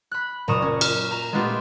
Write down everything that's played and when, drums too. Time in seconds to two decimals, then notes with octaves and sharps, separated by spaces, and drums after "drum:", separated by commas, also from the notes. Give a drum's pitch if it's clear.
0.11 B5 F#6
0.48 F#1 A#2 A#5 C#6 D#6 E7
0.62 C#4
0.81 F6, drum: cymbal
1.11 A#5
1.33 G#3 A3 B3 D4 F4 G4